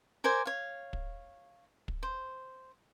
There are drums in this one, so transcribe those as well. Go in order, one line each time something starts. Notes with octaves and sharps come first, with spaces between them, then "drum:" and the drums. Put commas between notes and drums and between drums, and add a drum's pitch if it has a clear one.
A#4 C5 D5 G#5
C#5 F5
drum: kick
drum: kick
C5